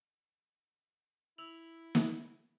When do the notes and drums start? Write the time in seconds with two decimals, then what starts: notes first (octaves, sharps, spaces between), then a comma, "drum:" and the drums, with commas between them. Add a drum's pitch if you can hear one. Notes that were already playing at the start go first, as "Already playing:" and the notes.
1.38 E4 E6 F7 F#7
1.95 drum: snare